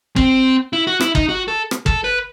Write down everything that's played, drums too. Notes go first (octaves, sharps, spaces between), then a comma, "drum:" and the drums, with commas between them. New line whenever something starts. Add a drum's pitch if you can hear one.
C4, drum: kick
E4
F#4
E4, drum: rim click
D#4, drum: kick
F#4
A4
drum: rim click
A4, drum: kick
B4